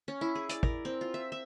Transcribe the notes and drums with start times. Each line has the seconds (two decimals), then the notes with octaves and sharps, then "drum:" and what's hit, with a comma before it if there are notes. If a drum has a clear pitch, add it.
0.08 C#4
0.21 E4
0.35 G#4
0.49 D5, drum: hi-hat
0.63 A#4, drum: kick
0.85 C4
1.01 F4
1.14 E5
1.32 E5